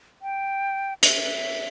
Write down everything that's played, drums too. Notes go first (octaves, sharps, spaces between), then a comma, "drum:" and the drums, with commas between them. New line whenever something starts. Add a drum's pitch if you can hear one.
G5
E5, drum: hi-hat